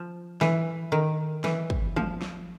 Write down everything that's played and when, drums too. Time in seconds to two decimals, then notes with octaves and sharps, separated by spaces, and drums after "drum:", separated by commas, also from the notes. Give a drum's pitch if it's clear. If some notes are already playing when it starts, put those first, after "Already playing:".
Already playing: F3
0.41 E3, drum: snare
0.92 D#3
1.44 E3, drum: snare
1.70 drum: kick
1.96 F3, drum: tom
2.22 drum: snare